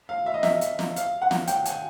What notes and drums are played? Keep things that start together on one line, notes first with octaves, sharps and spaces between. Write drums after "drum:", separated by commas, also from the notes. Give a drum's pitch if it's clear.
F5
E5
D#5
E5, drum: snare
drum: hi-hat
drum: snare
F5, drum: hi-hat
F#5
drum: snare
G5, drum: hi-hat
G#5, drum: hi-hat